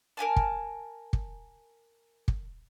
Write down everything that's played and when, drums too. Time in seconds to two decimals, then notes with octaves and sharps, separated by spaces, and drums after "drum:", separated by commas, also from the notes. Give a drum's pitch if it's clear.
0.17 A#4 D#5 G#5 A5
0.36 drum: kick
1.13 drum: kick
2.28 drum: kick